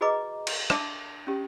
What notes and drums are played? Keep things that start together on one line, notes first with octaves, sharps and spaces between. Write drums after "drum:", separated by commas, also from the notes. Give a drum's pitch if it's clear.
F#4 G#4 B4 D#5 A#5 D6
drum: cymbal
D4 E5 A5 C6 D6, drum: rim click
C#4 G4